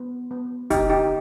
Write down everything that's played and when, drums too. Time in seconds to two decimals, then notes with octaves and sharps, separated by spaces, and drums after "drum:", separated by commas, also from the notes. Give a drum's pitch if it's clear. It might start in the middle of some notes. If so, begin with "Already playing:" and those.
Already playing: B3
0.31 B3
0.70 D3 D#4 G4, drum: kick, hi-hat
0.90 D#4 G4